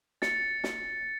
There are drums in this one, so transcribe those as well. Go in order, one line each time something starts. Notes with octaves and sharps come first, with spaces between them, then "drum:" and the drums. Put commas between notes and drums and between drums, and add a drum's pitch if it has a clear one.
A6 C#7, drum: snare
drum: snare